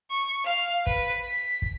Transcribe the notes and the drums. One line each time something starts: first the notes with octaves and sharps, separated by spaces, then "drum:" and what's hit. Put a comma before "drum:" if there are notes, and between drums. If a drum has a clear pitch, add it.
C#6
F5
B4, drum: kick
B6
drum: kick